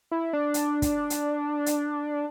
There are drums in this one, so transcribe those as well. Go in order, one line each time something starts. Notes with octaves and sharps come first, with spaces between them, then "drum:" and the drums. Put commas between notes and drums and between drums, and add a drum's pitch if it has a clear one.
E4
D4
drum: hi-hat
drum: kick, hi-hat
drum: hi-hat
drum: hi-hat